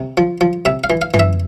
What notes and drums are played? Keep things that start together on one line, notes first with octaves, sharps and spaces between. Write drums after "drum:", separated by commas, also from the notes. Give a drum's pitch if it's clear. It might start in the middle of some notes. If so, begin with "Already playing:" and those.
Already playing: C3
F3
F3
C3 E5
F5
E3
F5
E3, drum: tom
E5